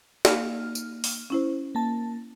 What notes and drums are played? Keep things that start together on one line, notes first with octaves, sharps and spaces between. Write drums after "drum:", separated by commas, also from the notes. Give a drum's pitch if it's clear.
A#3 D#4 F5 A5 F6, drum: snare
drum: tambourine
drum: open hi-hat
C#4 E4 C5
A#3 A5